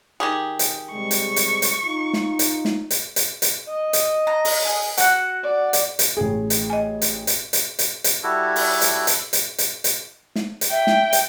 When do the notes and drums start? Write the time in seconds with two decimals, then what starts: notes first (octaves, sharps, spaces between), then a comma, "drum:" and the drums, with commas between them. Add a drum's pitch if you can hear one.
0.20 D#3 G4 G#4
0.59 drum: hi-hat
0.93 C3 G3 G#3 C#6
1.11 drum: hi-hat
1.36 drum: hi-hat
1.62 drum: hi-hat
1.84 D#4 F4
2.13 drum: snare
2.39 drum: hi-hat
2.65 drum: snare
2.90 drum: hi-hat
3.16 drum: hi-hat
3.42 drum: hi-hat
3.68 D#5
3.93 drum: hi-hat
4.27 A#5
4.45 drum: open hi-hat
4.65 G#4
4.97 F#4 F#5, drum: hi-hat
5.43 D5
5.73 drum: hi-hat
5.99 drum: hi-hat
6.17 A1 G#4
6.50 drum: hi-hat
6.70 D#5 G#5
7.02 drum: hi-hat
7.27 drum: hi-hat
7.53 drum: hi-hat
7.79 drum: hi-hat
8.04 drum: hi-hat
8.23 G3 E4 F#4 A4
8.56 drum: open hi-hat
8.81 drum: hi-hat
9.07 drum: hi-hat
9.33 drum: hi-hat
9.58 drum: hi-hat
9.84 drum: hi-hat
10.36 drum: snare
10.61 drum: hi-hat
10.71 E5 G5
10.87 drum: snare
11.13 drum: hi-hat